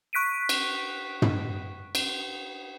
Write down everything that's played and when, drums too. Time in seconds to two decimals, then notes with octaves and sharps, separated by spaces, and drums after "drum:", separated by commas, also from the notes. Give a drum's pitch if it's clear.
0.13 C#6 F#6 B6 D7 D#7
0.49 drum: cymbal
1.22 drum: tom
1.95 drum: cymbal